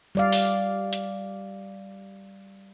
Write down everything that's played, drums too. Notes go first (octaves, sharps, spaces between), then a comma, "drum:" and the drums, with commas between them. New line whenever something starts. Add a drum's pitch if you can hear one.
G3 D5 F5
drum: open hi-hat
drum: hi-hat